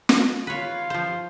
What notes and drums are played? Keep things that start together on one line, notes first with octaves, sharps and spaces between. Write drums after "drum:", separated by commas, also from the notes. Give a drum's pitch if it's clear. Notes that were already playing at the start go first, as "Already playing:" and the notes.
drum: snare
F4 B4 C#5 F5
F3 C5